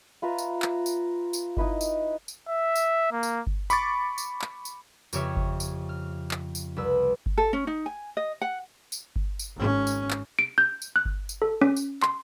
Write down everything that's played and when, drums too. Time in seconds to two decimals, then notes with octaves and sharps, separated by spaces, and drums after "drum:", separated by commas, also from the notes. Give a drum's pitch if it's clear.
0.22 F4 B4 E5 A#5
0.38 drum: tambourine
0.62 drum: clap
0.86 drum: tambourine
1.33 drum: tambourine
1.57 D#4 E4 B4 D#5, drum: kick G1
1.81 drum: tambourine
2.28 drum: tambourine
2.48 E5
2.76 drum: tambourine
3.12 A#3
3.23 drum: tambourine
3.47 drum: kick G1
3.70 B5 C#6 D6 A6, drum: tambourine
4.18 drum: tambourine
4.42 drum: clap
4.65 drum: tambourine
5.13 F2 C#3 G4 C#5 E5 F6, drum: tambourine
5.36 drum: kick G1
5.60 drum: tambourine
5.89 F6
6.31 drum: clap
6.55 drum: tambourine
6.76 C2 B4 E6
7.26 drum: kick G1
7.38 A4
7.53 C#4
7.67 D#4
7.86 G#5
8.17 D#5
8.41 F#5
8.92 drum: tambourine
9.16 drum: kick G1
9.39 drum: tambourine
9.55 G#1 C#4
9.87 drum: tambourine
10.11 drum: clap
10.39 D7
10.58 G6
10.82 drum: tambourine
10.96 F#6
11.05 drum: kick G1
11.29 drum: tambourine
11.42 A4
11.62 C#4
11.77 drum: tambourine
12.02 C6, drum: clap